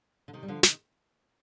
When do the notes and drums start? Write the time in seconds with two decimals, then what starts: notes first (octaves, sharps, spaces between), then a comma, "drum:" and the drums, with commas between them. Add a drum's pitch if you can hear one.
0.28 D3
0.33 C3 D#3
0.43 G3
0.48 D3 F3
0.63 C3 D#3, drum: snare